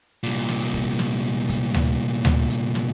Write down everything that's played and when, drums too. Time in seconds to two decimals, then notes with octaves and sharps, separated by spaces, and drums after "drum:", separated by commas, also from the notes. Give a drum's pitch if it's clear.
0.23 C2 A#2
0.49 drum: snare
0.74 drum: kick
0.99 drum: snare
1.49 drum: kick, hi-hat
1.74 drum: tom D2
2.25 drum: tom D2
2.50 drum: hi-hat
2.75 drum: snare